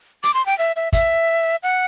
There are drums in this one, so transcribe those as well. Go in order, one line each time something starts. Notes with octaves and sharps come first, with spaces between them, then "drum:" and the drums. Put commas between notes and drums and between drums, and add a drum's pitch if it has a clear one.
D6, drum: hi-hat
C6
G5
E5
E5
E5, drum: kick, hi-hat
F#5